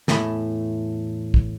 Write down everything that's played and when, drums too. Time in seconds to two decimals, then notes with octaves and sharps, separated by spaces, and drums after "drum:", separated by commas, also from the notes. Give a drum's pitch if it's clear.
0.08 E2 A2 A3 D5 B5, drum: snare
1.34 drum: kick